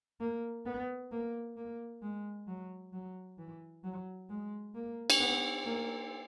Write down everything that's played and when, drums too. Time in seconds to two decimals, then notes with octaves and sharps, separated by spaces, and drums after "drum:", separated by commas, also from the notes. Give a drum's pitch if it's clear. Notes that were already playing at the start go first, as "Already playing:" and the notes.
0.20 A#3
0.66 B3
1.12 A#3
1.57 A#3
2.02 G#3
2.48 F#3
2.93 F#3
3.38 E3
3.84 F#3
4.30 G#3
4.75 A#3
5.10 drum: cymbal
5.20 B3
5.66 A#3